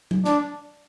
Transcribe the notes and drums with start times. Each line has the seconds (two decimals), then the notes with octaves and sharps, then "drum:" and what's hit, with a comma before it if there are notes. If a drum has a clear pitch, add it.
0.11 drum: tom F#3
0.24 D4, drum: snare